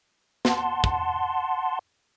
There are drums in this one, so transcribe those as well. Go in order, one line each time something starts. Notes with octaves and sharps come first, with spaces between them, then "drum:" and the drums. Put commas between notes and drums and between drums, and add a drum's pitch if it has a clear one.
F#5 A5 C6, drum: snare
drum: kick